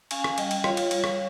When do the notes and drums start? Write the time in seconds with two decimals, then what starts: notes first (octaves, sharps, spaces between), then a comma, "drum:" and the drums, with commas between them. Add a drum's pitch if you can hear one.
0.11 C#4 F5 G#5, drum: cymbal
0.24 drum: rim click
0.38 G3 D#5 G5, drum: cymbal
0.51 drum: cymbal
0.64 F4 C#5 F5, drum: rim click
0.77 drum: cymbal
0.91 G3, drum: cymbal
1.04 drum: rim click